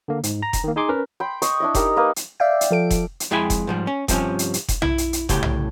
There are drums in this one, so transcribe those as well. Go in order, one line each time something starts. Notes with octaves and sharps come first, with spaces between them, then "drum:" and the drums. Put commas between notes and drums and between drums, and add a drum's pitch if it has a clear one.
D3 A#3
G#2, drum: hi-hat
A#5 A#6
drum: kick F1, hi-hat
D#3 A#3
D#4 G#4 G#5 C6 D6
C#4 A#4 B4
G5 B5 C6
D#5 C#6 D#6, drum: hi-hat
D4 E4 D#5
D#4 G4 A#4, drum: kick F1, hi-hat
A#3 B4 D#5
drum: hi-hat
D5 E5 F5 G5
drum: hi-hat
F3 A4 D7
drum: kick F1, hi-hat
drum: hi-hat
F2 G#3 E4 G5 G#5 B5
drum: kick F1, hi-hat
G#2 F3 G3
C#4
G2 C3 F3 C#4, drum: kick F1, hi-hat
drum: hi-hat
drum: hi-hat
drum: kick F1, hi-hat
E4, drum: tom B1
drum: hi-hat
drum: hi-hat
D2 A2 C#3 G4, drum: kick F1, hi-hat
drum: tom B1